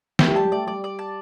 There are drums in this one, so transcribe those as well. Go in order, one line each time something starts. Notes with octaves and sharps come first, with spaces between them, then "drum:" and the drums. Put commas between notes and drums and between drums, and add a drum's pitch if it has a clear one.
A3 G4, drum: snare
G3 A5
G3
A3 D5
G3 D5
D5
A5